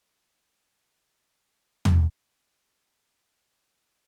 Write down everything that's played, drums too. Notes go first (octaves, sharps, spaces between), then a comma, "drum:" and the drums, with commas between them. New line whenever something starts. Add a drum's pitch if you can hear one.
C#3 A4
drum: tom
D#4 D5